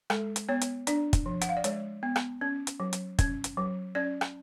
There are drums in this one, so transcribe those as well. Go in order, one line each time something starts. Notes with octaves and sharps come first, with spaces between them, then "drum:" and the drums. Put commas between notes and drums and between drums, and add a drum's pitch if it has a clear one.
G#3 A4, drum: rim click
drum: hi-hat
B3 C#5
drum: hi-hat
D4 D5, drum: hi-hat
drum: kick, hi-hat
F3
F#5, drum: hi-hat
F5
D5
G#3 C#5, drum: hi-hat
B3
drum: rim click
C#4
drum: hi-hat
F#3
drum: hi-hat
C#4, drum: kick, hi-hat
drum: hi-hat
F#3
C#4 D5
drum: rim click